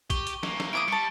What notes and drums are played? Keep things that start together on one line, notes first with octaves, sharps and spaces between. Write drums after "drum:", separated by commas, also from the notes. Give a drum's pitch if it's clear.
G4 C#6 G7, drum: kick, hi-hat
drum: hi-hat
E3 A#3, drum: snare
drum: snare
E4 D6 D#6 D7
G3 A5 C#6